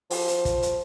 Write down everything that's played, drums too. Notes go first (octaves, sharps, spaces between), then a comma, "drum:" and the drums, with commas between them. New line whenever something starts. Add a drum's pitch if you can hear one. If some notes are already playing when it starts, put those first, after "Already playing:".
F3, drum: open hi-hat
drum: hi-hat
drum: kick, hi-hat
drum: hi-hat